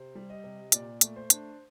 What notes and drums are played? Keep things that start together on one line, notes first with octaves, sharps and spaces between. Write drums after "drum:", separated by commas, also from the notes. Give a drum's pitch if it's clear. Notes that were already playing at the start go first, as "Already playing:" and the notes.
Already playing: C3 C5
G3
D#5
C3
A#2 D5, drum: hi-hat
A3, drum: hi-hat
C5
D4, drum: hi-hat